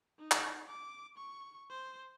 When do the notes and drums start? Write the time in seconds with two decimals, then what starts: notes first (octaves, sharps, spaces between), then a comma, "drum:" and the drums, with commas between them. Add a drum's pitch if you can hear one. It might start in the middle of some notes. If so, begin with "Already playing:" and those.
0.19 D#4
0.31 drum: clap
0.68 D6
1.17 C#6
1.70 C5